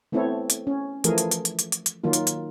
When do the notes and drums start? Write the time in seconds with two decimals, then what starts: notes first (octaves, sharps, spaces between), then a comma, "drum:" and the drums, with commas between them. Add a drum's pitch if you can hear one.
0.12 A3 B3 C4 E4 A4 C#5
0.50 drum: hi-hat
0.67 C#4
1.04 E3 F3 A3 G#4 A#4, drum: hi-hat
1.18 drum: hi-hat
1.31 drum: hi-hat
1.45 drum: hi-hat
1.59 drum: hi-hat
1.72 drum: hi-hat
1.86 drum: hi-hat
2.04 D#3 F#3 A#3 F4
2.13 drum: hi-hat
2.27 drum: hi-hat